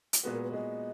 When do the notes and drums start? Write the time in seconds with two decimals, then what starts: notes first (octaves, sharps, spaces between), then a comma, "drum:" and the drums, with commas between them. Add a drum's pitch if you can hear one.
0.13 drum: hi-hat
0.23 A#2 G#3 B3 F#4 B4
0.33 A#4
0.42 B4
0.52 A#2 G#3 B3 F#4 D#5